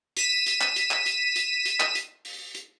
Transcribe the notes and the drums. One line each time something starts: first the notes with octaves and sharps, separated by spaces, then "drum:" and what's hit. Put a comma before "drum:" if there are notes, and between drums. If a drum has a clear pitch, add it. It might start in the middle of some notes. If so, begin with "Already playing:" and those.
B6 D#7 E7, drum: hi-hat
drum: hi-hat
drum: clap
drum: hi-hat
drum: clap
drum: hi-hat
drum: hi-hat
drum: hi-hat
drum: clap
drum: hi-hat
drum: open hi-hat
drum: hi-hat